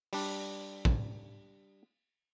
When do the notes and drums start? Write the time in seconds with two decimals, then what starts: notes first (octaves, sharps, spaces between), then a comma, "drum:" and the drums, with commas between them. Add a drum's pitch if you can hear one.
0.13 G3 D4, drum: open hi-hat
0.85 drum: kick